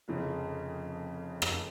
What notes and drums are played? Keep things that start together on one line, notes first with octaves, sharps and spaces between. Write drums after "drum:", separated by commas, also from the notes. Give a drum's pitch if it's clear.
F1 F2 C#3
drum: rim click